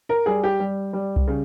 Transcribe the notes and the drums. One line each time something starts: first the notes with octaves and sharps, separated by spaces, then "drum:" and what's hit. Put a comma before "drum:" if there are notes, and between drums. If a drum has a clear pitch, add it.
A#4
G3 G#4
G4
G3
G3
drum: kick C2
C#3